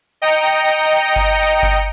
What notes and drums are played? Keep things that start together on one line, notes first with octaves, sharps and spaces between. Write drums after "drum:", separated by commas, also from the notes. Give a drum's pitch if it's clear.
D#5 G5 A#5 C#7
drum: kick G1
drum: open hi-hat
drum: kick G1